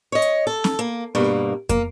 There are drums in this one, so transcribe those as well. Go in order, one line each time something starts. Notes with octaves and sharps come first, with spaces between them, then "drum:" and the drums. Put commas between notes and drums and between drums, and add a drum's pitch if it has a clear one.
C#5 D#5
drum: hi-hat
A4
drum: snare
A#3
G2 B2 A#3
A#3, drum: kick, hi-hat